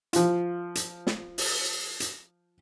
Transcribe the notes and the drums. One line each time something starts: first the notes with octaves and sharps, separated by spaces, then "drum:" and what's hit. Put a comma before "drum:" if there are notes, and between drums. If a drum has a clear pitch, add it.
F3 F4, drum: hi-hat
drum: hi-hat
drum: snare
drum: open hi-hat
drum: hi-hat